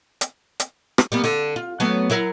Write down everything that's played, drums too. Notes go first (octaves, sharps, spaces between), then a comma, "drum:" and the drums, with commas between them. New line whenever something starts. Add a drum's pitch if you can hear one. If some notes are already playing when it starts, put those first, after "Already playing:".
drum: hi-hat
drum: hi-hat
drum: rim click
G3 A#3 B3
D3
F4
F#3 A3 B3
F#3 E4 A#4